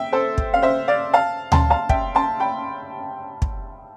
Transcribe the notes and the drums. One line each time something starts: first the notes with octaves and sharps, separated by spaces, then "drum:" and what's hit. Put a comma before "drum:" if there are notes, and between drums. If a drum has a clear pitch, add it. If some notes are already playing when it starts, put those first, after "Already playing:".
Already playing: E5 G5
A4 C5
drum: kick
F5
C5 E5
D5 F5
F5 A5
A5 C6, drum: tom D2
F5 A5
E5 G5, drum: kick
A5 C6
G5 B5
drum: kick